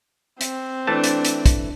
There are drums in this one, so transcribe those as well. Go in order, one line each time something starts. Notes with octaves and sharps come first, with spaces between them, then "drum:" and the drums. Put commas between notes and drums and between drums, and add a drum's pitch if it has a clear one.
C4, drum: hi-hat
E3 A3 D4 A5
drum: hi-hat
drum: hi-hat
drum: kick, hi-hat